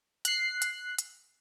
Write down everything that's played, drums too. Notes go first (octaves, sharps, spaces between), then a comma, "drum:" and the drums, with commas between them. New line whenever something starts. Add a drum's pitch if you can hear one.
F#6 C7, drum: hi-hat
drum: hi-hat
drum: hi-hat